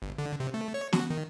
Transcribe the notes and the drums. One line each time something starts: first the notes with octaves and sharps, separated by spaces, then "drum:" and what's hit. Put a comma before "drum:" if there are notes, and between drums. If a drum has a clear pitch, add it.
G1
D3
C3
A3
C#5
F#4, drum: snare
D#3